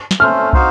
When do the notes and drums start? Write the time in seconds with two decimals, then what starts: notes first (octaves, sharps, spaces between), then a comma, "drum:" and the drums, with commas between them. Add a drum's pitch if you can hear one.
0.11 drum: snare
0.20 A3 C#4 A4 C5 F6
0.53 D#4 F#4 C5 F5, drum: kick